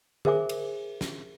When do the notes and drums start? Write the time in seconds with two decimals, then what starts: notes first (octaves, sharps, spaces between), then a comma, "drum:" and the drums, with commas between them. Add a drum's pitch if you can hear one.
0.25 G#4 A#4 C5 E5 G#5 D6, drum: tom D3
0.49 drum: cymbal
1.01 drum: snare